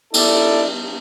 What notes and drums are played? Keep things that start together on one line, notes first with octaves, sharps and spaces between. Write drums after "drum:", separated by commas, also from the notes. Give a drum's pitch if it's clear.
E4 A4 D5, drum: cymbal